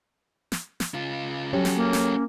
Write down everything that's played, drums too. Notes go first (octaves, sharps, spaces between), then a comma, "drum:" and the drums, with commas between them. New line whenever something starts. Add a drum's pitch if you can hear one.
drum: snare
drum: snare
C#3 F4
F#3 C#4 F#4 G4 A4 C#5
drum: snare
A#3
drum: snare